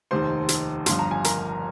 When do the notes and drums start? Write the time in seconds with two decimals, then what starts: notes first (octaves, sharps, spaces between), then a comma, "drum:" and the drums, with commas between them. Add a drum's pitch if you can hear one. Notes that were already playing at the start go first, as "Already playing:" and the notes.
0.11 F1 D#2 D#3 C5 C6
0.49 drum: hi-hat
0.86 G1 G2 F3 C6, drum: hi-hat
0.99 A#5
1.11 G#5
1.24 A#4 A#5, drum: hi-hat